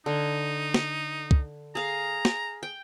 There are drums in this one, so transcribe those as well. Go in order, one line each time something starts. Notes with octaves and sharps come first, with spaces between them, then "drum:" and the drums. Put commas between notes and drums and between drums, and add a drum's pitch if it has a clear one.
D3 D#4
drum: snare
drum: kick
G#4 F5 A#5
drum: snare
G5